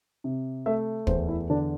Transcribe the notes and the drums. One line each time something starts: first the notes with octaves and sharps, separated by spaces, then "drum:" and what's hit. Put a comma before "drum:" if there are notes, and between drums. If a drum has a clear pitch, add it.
C3
A3 E5
E2 C5, drum: kick
E4
D3 D4